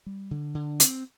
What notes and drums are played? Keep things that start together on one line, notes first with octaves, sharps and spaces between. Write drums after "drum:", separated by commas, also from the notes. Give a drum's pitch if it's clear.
G3
D3
D3
C4, drum: hi-hat